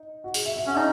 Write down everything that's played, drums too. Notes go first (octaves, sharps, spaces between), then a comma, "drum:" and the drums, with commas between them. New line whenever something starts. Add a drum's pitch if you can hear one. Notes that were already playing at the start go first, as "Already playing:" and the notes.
Already playing: D#4
F#4
G#4, drum: open hi-hat
E5
E5
C#4 F#5
D#4 E5